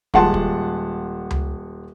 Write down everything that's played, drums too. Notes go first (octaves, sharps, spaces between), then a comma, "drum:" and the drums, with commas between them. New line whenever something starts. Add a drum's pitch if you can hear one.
D#1 G#3 F#5 A5 C6, drum: kick
drum: kick
drum: tom C#2